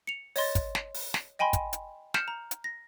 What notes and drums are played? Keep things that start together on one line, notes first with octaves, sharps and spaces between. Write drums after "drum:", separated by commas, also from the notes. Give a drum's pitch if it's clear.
C#7 F7
C#5 D#5 C6 A6, drum: open hi-hat
drum: kick, hi-hat
drum: snare
drum: open hi-hat
drum: snare
D#5 G5 G#5 B5 C6
drum: kick, hi-hat
drum: hi-hat
F6 G6 C#7 E7, drum: snare
A#5
drum: hi-hat
A#6